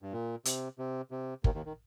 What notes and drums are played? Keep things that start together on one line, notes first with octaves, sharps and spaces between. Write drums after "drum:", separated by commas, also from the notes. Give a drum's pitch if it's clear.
G2
A#2
C3, drum: hi-hat
C3
C3
D#2 D#3, drum: kick
D#2 D#3
D#3